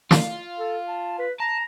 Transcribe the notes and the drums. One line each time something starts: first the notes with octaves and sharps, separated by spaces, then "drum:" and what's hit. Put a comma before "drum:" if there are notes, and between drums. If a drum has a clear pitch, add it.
F4, drum: snare
A4
A5
B4
A5 A#5